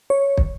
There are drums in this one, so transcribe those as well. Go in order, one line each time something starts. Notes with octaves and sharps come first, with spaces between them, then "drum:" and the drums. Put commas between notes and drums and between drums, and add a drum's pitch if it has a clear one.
C#5
drum: kick